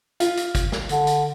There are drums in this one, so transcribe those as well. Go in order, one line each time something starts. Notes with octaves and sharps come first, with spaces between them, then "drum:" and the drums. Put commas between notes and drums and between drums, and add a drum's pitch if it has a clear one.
F4, drum: hi-hat
drum: hi-hat
drum: kick, hi-hat
drum: snare
D3, drum: hi-hat
drum: hi-hat